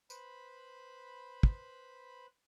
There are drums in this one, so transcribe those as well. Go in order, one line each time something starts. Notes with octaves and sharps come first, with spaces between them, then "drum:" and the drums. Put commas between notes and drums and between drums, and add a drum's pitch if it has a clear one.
B4 C5 B5, drum: tambourine
drum: kick